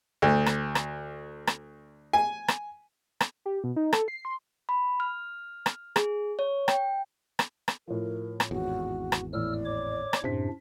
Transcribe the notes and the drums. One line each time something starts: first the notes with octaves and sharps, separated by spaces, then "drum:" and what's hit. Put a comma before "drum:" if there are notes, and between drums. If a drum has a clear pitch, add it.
D2
drum: rim click
drum: rim click
drum: rim click
G#5
drum: rim click
drum: rim click
G4
B2
D#4
A4, drum: rim click
C7
C6
B5
F6
drum: rim click
G#4, drum: rim click
C#5
G5, drum: rim click
drum: rim click
drum: rim click
A2 F3 A#4
drum: rim click
G#1 E2 F#4
drum: rim click
A2 E3 D5 E6 F6
C#5 D6
drum: rim click
F#2 A2 C3 D4 C5 B6